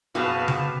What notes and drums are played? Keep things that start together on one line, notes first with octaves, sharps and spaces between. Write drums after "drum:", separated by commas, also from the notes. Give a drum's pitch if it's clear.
F#1 B2 B3 F#4 G4 B4 F5 A5
drum: tom C#3